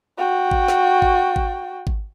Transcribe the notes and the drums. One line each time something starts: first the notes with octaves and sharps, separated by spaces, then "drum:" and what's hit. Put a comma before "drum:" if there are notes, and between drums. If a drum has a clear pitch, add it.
F#4 G5
drum: kick G#1
drum: snare
drum: kick G#1
drum: kick G#1
drum: kick G#1